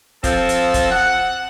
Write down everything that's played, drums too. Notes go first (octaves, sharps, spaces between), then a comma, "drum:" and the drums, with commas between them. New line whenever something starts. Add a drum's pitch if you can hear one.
F3 C4 A4, drum: kick, hi-hat
drum: hi-hat
drum: kick, hi-hat
F#5